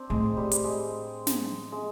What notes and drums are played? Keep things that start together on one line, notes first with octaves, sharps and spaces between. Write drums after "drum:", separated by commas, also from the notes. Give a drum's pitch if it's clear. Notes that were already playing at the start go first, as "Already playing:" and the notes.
Already playing: C4 D4
A2 G#3
G3
drum: hi-hat
G#3
drum: snare
G#3